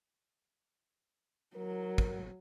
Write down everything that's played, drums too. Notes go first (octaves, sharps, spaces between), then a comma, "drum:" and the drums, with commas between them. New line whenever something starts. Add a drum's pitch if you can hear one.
F#3 A#4
drum: kick